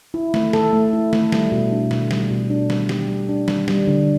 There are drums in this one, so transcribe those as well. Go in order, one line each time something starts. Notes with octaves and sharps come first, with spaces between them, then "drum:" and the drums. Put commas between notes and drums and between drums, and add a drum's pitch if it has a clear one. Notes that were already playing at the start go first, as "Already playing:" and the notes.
E4
A3, drum: snare
A4, drum: snare
A3
E4
A3, drum: snare
G3, drum: snare
B2
D4
B2, drum: snare
G3, drum: snare
B2
D4
G3, drum: snare
G4, drum: snare
G3
D4
G3, drum: snare
G3, drum: snare
D3